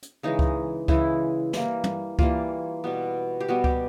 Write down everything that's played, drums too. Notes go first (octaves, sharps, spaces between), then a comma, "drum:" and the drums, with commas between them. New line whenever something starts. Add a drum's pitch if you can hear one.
drum: hi-hat
C#3 E3 G#3 D#4
drum: kick C#2
C#3 E3 G#3 E4, drum: kick C#2
E3 G3 A#3, drum: snare
drum: tom
E3 G3 A#3 F4, drum: kick C#2
B2 G3 B3
G4
B2 G3 B3 F#4
G4, drum: kick C#2